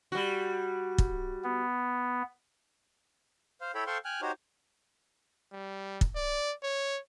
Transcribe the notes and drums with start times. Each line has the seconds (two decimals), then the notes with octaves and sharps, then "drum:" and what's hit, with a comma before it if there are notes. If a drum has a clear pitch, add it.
0.12 G3 F#4
0.98 drum: kick
1.44 B3
3.61 C5 F5
3.75 E4 A4 C#5 G5 B5
3.87 A4 C5 F5 G5 C6 C#6
4.05 G5 G#5 F6 F#6
4.22 D#4 F#4 G4 C5 C#5
5.53 G3
6.01 drum: kick
6.15 D5
6.63 C#5